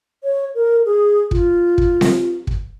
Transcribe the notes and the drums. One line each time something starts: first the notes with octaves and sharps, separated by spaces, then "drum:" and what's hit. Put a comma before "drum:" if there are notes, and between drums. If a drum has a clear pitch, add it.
C#5
A#4
G#4
F4, drum: kick
drum: kick
drum: snare C4
drum: kick